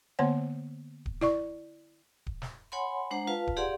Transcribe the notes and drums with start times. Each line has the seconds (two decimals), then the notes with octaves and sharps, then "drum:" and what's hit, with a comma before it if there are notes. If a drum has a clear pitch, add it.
0.19 D3 A#3 B3 C5 C#5 F#5
1.06 drum: kick D1
1.21 E4 D5 C#6, drum: snare
2.27 drum: kick D1
2.42 drum: snare
2.72 C#5 F#5 G#5 B5 C6
3.11 G#3 D4 C5 F#5 A#5
3.27 F4 B4 F5 A5
3.47 drum: kick D1
3.57 G4 G#4 D5 F5 F#5 C6